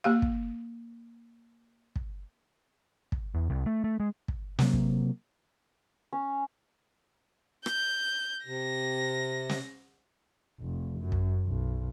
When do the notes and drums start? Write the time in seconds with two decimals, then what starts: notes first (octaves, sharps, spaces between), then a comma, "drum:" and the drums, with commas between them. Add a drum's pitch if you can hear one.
0.04 A#3 G4 F5
0.22 drum: kick
1.96 drum: kick
3.12 drum: kick
3.35 E2
3.50 C2
3.66 A3
3.84 A3
4.00 G#3
4.28 drum: kick
4.59 C3 F#3 A#3, drum: snare
4.73 drum: kick
6.13 C#4
7.66 G6, drum: rim click
8.46 C3 A#6
9.49 drum: snare
10.60 F1
11.00 F#2
11.12 drum: kick
11.47 B1